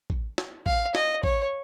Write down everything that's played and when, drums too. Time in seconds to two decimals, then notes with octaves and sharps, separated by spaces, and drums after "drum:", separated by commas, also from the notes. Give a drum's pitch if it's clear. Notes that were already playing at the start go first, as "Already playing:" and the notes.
0.10 drum: kick
0.38 drum: snare
0.66 F5, drum: kick
0.95 D#5, drum: snare
1.23 C#5, drum: kick